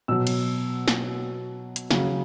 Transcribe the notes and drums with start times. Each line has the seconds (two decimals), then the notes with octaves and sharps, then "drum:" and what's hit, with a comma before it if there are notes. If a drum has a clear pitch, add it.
0.08 B2 F#3 E6
0.27 drum: cymbal
0.88 drum: snare
1.76 drum: hi-hat
1.91 C#3 F#3, drum: snare